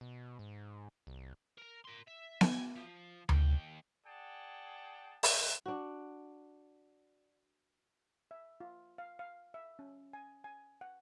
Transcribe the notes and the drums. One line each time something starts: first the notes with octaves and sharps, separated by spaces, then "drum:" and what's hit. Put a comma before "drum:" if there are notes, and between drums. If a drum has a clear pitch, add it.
B2
G#2
C2
A#4 A#5
A#4 C6
E5
G#5, drum: snare B3
F3
D#2 G5, drum: tom D2
G#4 D5 F#5 G5 A5
drum: open hi-hat
D4 F#4
E5
F4
F5
F5
E5
C#4
G#5
G#5
F#5